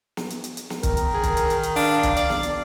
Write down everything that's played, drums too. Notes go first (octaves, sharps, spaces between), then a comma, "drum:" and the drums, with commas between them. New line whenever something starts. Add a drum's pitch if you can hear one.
drum: snare
drum: hi-hat
drum: hi-hat
drum: hi-hat
drum: snare
D#3 A#4, drum: kick, hi-hat
drum: hi-hat
G#4
drum: kick, hi-hat
drum: hi-hat
drum: hi-hat
drum: hi-hat
D4 F5, drum: open hi-hat
drum: kick, hi-hat
D5, drum: hi-hat
drum: snare
drum: hi-hat